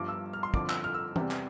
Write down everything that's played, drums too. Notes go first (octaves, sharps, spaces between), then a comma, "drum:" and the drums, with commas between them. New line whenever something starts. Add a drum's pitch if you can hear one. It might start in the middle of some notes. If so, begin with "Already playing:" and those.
Already playing: G1 G2 F3 D6
E6
F6
C6
G1 F2 D3 F3 D6, drum: kick
E6, drum: clap
F6
E6
E2 C3 G3, drum: tom
drum: clap